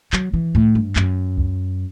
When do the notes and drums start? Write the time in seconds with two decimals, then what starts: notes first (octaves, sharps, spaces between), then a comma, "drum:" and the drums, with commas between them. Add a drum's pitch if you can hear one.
0.13 F#3, drum: clap
0.34 E3
0.55 A2, drum: kick C#2
0.75 G2
0.96 F#2, drum: clap
1.38 drum: kick C#2